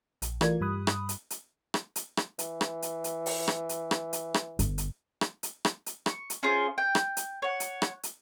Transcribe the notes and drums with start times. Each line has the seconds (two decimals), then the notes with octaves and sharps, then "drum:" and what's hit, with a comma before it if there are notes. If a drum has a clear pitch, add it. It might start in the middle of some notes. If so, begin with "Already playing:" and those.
0.22 A#1, drum: hi-hat
0.41 E3 A3 F4 A#4 D5 G#6, drum: rim click
0.61 G2 G3 B5 D#6 F#6
0.87 drum: rim click
1.09 drum: hi-hat
1.30 drum: hi-hat
1.74 drum: rim click
1.96 drum: hi-hat
2.17 drum: rim click
2.39 E3, drum: hi-hat
2.61 drum: rim click
2.82 drum: hi-hat
3.04 drum: hi-hat
3.26 drum: open hi-hat
3.48 drum: rim click
3.69 drum: hi-hat
3.91 drum: rim click
4.13 drum: hi-hat
4.34 drum: rim click
4.59 G1, drum: hi-hat
4.78 drum: hi-hat
5.21 drum: rim click
5.43 drum: hi-hat
5.65 drum: rim click
5.86 drum: hi-hat
6.06 C#6, drum: rim click
6.30 drum: hi-hat
6.43 C#4 F4 G#4 C5
6.78 G5
6.95 drum: rim click
7.17 drum: hi-hat
7.42 C#5 F#5
7.60 drum: hi-hat
7.82 drum: rim click
8.03 drum: hi-hat